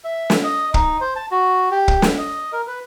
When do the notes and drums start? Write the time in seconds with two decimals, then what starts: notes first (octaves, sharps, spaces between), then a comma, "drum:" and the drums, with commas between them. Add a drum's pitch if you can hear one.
0.04 E5
0.30 drum: snare
0.44 D#5
0.74 D#4, drum: kick
1.01 C5
1.16 A5
1.31 F#4
1.71 G4
1.88 drum: kick
2.02 drum: snare
2.18 D#5
2.52 A#4
2.67 B4